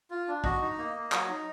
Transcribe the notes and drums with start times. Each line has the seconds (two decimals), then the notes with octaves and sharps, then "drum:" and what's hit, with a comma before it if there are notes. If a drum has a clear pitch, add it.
0.10 F4
0.28 D4
0.44 F#4 D#5, drum: kick
0.61 D#4
0.78 A#3
0.95 A#3
1.12 F#3, drum: clap
1.28 D#4